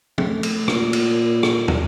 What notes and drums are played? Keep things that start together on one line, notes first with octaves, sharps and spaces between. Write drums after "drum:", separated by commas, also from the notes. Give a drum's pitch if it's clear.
A3, drum: tom
drum: cymbal
A#2, drum: rim click
drum: cymbal
drum: rim click
drum: tom